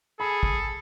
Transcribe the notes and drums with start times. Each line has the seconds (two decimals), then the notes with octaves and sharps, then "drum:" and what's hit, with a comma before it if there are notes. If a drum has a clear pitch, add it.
0.20 G#4 A4 B5
0.43 drum: kick